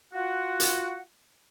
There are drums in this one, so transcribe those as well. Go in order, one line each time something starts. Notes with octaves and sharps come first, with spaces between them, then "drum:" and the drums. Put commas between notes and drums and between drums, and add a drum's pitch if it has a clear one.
F4 F#4 F#5
drum: hi-hat